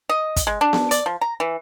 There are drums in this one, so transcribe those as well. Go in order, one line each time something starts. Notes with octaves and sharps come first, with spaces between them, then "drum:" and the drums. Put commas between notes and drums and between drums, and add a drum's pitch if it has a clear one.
D#5
drum: kick, hi-hat
G#3
D4
drum: snare B3
D5, drum: hi-hat
F3
A#5
E3